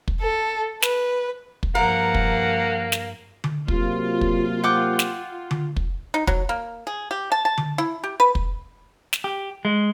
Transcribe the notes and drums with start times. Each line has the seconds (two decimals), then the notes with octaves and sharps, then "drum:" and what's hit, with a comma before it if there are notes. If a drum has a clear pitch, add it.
0.08 drum: kick
0.21 A4
0.82 B4, drum: snare
1.63 drum: kick
1.75 G2 F3 A#3 A#4 F#5
2.14 drum: kick
2.92 drum: snare
3.44 drum: tom D3
3.68 C3 F#3 A#3 F4, drum: kick
4.21 drum: kick
4.64 F#5 G5 D6
4.99 drum: snare
5.51 drum: tom D3
5.76 drum: kick
6.14 D#4
6.27 F#3, drum: kick
6.49 A#3
6.87 G#4
7.11 G4
7.32 A5
7.45 A5
7.57 drum: tom D3
7.78 E4
8.04 G4
8.20 B4
8.35 drum: kick
9.13 drum: snare
9.24 G4
9.65 G#3